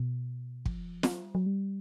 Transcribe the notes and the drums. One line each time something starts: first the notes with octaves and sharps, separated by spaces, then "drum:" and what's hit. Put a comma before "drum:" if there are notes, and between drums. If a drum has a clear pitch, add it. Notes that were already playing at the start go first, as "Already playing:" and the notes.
Already playing: B2
F3, drum: kick
F#3, drum: snare
G3
F#3
G3